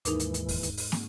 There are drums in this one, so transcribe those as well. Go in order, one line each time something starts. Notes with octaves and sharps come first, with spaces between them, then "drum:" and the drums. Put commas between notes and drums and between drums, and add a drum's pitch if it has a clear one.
D#2 G#2 E3 D#4 A#4 D6, drum: hi-hat
drum: hi-hat
drum: hi-hat
drum: kick E2, open hi-hat
drum: hi-hat
drum: open hi-hat
drum: snare